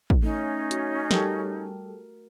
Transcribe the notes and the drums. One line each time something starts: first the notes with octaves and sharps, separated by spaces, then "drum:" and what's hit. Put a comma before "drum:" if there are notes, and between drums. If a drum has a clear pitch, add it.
drum: kick
A3 C#4 D#4
F#4, drum: hi-hat
G3 G4 A4 A#4, drum: snare